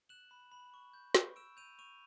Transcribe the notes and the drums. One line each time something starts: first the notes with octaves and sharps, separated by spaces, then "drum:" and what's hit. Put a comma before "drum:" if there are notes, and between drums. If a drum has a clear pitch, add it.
F#6 E7 F#7
B5
B5
C#6
G6
C#6, drum: snare
E6 D7 E7
G6 D#7 F7
C#6 D#7 F7